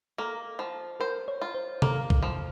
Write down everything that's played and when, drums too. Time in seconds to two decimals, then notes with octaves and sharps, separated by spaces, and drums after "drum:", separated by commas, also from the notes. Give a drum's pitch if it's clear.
0.18 A#3 A4
0.59 F3
1.00 A#4 C5
1.28 C#5
1.41 F4
1.55 C5
1.82 A#3 A4, drum: tom C3
2.10 drum: kick
2.23 F3